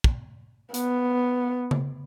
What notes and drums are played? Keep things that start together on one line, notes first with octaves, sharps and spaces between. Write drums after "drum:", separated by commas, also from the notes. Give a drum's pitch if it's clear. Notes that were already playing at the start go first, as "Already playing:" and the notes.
drum: kick
B3, drum: hi-hat
drum: tom C#3